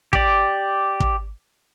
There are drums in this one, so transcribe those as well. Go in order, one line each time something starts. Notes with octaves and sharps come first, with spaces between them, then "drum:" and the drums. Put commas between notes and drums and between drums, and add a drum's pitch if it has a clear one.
G4 D5, drum: kick
drum: kick